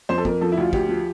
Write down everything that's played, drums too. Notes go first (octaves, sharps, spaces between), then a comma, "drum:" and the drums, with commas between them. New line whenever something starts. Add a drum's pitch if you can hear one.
F2 C5
A4
F2 A#4, drum: kick
F3 A4
E4
D2 F4
D2 G4, drum: kick
F3